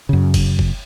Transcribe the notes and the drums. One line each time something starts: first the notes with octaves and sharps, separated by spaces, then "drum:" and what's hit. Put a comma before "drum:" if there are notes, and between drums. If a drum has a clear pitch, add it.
F#2 C#3
drum: kick F#1, cymbal
drum: kick F#1